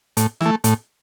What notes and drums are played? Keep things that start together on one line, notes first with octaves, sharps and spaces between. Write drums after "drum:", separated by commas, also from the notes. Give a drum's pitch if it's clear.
A2, drum: hi-hat
E3 A3, drum: rim click
A2, drum: hi-hat